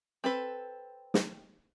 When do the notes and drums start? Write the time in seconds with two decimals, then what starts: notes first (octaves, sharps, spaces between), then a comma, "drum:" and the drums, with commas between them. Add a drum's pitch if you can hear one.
0.24 C4 A4 B4
1.14 drum: snare